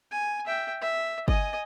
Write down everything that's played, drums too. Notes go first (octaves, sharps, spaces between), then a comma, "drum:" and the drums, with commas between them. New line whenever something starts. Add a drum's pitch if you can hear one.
G#5
E5 G5
E5
D#5 G#5, drum: kick G1